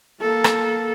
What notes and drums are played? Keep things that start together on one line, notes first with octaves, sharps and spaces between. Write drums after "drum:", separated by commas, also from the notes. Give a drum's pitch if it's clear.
A#3 A4
drum: rim click